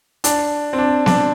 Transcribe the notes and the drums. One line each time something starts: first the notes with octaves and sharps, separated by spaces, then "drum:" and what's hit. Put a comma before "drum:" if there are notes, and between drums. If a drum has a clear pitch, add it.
D4, drum: hi-hat
C4
D4
D4, drum: snare B3